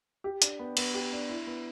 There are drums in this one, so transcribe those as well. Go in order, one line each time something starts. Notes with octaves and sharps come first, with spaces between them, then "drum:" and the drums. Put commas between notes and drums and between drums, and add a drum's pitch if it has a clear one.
G4
D4, drum: hi-hat
B3
B3, drum: cymbal
G4
D4
E4
B3